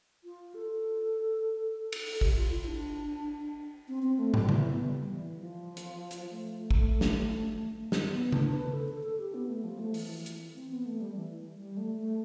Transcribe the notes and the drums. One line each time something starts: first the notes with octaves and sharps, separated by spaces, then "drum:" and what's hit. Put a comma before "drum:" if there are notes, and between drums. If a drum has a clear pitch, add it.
F4
A4
drum: cymbal
A4, drum: open hi-hat
G4, drum: kick
F4
E4
D4
C4
C4
A3
G3, drum: tom
E3, drum: tom C#3
B3
G3
E3
F3
drum: hi-hat
drum: hi-hat
A3
drum: kick
drum: snare
drum: snare
B3
D4, drum: tom C#3
B4
A4
A4
A4
G4
B3
A3
F3
A3
E3, drum: open hi-hat
drum: hi-hat
C4
B3
A3
G3
E3
G3
A3
A3